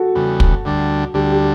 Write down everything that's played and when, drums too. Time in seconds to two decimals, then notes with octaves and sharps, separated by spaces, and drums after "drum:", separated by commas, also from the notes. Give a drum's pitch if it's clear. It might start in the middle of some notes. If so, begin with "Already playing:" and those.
Already playing: F#4 A4
0.15 E2 C#3 G3 B3
0.40 drum: kick
0.65 D2 D3 G3 D4
1.14 D2 D3 G3 D4 G4
1.31 G4